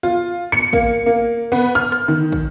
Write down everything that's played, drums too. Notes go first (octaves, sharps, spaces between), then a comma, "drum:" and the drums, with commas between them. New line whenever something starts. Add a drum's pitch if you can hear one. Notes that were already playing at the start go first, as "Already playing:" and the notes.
F4
C#7
A#3, drum: kick
A#3
B3
F6
drum: rim click
D#3
drum: kick